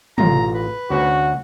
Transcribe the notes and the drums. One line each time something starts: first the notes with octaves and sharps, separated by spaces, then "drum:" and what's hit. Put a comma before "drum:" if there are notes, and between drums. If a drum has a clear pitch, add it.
A1 F4 A#5, drum: tom
B4
D2 C#4 F#4